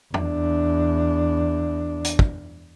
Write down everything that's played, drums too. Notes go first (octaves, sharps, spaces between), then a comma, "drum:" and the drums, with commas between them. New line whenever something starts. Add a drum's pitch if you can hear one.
E2 D4, drum: tom
drum: hi-hat
drum: kick